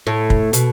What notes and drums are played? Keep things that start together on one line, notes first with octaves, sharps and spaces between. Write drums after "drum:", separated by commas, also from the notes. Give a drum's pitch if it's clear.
A2
drum: kick
B2, drum: hi-hat